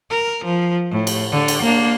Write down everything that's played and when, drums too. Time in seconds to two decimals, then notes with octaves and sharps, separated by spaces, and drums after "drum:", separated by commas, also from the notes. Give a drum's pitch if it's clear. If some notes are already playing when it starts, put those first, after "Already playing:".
0.10 A#4
0.45 F3
0.91 A2
1.07 drum: cymbal
1.32 D3
1.48 drum: cymbal
1.62 A#3 D4